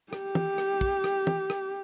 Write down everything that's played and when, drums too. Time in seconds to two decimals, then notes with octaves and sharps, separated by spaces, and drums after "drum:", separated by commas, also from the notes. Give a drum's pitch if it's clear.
0.13 G4, drum: rim click
0.35 drum: tom
0.58 drum: rim click
0.81 drum: kick
1.04 drum: rim click
1.27 drum: tom
1.50 drum: rim click